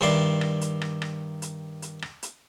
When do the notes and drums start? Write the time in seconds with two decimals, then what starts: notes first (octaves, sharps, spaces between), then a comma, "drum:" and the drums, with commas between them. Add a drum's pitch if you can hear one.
0.01 G2 D#3 E4 D5 C6
0.41 drum: rim click
0.61 drum: hi-hat
0.82 drum: rim click
1.02 drum: rim click
1.42 drum: hi-hat
1.82 drum: hi-hat
2.02 drum: rim click
2.23 drum: hi-hat